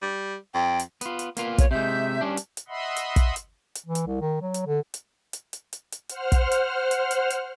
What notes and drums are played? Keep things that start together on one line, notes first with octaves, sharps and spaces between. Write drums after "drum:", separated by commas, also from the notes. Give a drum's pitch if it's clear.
G3
F2 G5
drum: hi-hat
B3 F4, drum: hi-hat
drum: hi-hat
A#3 B3 F4, drum: hi-hat
C#5, drum: kick, hi-hat
C3 G#3 E5 G6
G3 C#4 D4
drum: hi-hat
drum: hi-hat
D#5 E5 F#5 B5 C6
drum: hi-hat
drum: kick, hi-hat
drum: hi-hat
drum: hi-hat
E3
drum: hi-hat
C2
D#3
F#3
drum: hi-hat
D3
drum: hi-hat
drum: hi-hat
drum: hi-hat
drum: hi-hat
drum: hi-hat
C5 F#5 F6, drum: hi-hat
drum: kick, hi-hat
drum: hi-hat
drum: hi-hat
drum: hi-hat
drum: hi-hat